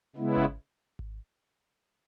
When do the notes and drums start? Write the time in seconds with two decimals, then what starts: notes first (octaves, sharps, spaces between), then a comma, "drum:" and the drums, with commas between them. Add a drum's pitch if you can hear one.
0.16 C#3 G#3 B3 E4
0.37 drum: kick G#1
0.99 drum: kick G#1